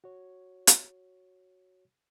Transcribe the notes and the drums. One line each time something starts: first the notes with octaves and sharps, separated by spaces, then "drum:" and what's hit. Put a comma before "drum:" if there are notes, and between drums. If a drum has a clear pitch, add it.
F#4 C#5
drum: hi-hat